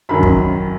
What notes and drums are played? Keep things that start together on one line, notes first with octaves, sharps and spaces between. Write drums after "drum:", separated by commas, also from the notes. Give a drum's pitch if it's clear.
F#2 D#3 F#3 B5
drum: kick